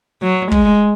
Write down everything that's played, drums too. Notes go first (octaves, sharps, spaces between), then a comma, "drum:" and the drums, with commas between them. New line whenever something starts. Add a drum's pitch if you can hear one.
F#3
G#3, drum: kick